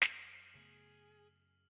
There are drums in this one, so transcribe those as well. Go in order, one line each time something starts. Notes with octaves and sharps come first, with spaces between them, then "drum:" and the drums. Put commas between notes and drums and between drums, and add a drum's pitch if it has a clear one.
F#2 F6 F#7, drum: snare
C#3 A3 B3 G#4